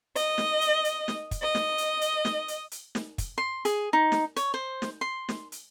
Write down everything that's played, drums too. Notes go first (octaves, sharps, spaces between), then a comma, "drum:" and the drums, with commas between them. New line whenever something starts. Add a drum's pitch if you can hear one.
D#5, drum: hi-hat
drum: snare
drum: hi-hat
drum: hi-hat
drum: snare
drum: kick, hi-hat
D#5
drum: snare
drum: hi-hat
drum: hi-hat
drum: snare
drum: hi-hat
drum: hi-hat
drum: snare
drum: kick, hi-hat
C6
G#4, drum: hi-hat
D#4
drum: snare
C#5, drum: hi-hat
C5
drum: snare
C6
drum: snare
drum: hi-hat